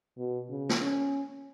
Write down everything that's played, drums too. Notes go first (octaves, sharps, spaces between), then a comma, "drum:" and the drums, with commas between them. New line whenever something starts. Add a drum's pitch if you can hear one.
B2
C#3
drum: snare
C#4